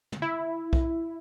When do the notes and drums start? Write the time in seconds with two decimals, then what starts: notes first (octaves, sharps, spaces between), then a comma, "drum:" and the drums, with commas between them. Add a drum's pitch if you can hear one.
0.12 drum: tom
0.22 E4
0.73 drum: kick B1